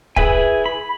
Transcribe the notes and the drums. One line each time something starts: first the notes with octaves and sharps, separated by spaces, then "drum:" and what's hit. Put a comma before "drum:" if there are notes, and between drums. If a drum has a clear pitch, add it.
E4 G#4 B4 E5 G#5, drum: kick
B5